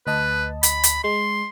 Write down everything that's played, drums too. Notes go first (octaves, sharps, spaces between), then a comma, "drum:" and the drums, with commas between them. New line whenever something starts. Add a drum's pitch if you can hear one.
D2 B4 D#5 A5
B5, drum: hi-hat
drum: hi-hat
G#3 C6